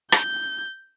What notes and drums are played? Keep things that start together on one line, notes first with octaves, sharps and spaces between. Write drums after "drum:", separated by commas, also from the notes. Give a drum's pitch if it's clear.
G6, drum: rim click